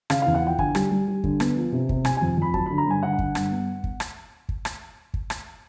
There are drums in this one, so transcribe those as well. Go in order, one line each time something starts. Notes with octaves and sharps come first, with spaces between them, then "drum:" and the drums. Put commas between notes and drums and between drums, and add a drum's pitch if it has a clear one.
C#3 F5, drum: rim click
E2 F5
F#5
F3 G5
D3 G#5, drum: kick
G3, drum: rim click
G3
G3
D3, drum: kick
B3, drum: rim click
F3
C3
C3, drum: kick
C3 G#5, drum: rim click
F2 G#5
F2 B5
F#3 A5, drum: kick
D3 B5
A#5
G2 G#5
D3 F#5
D3, drum: kick
G2, drum: rim click
B3
drum: kick
drum: rim click
drum: kick
drum: rim click
drum: kick
drum: rim click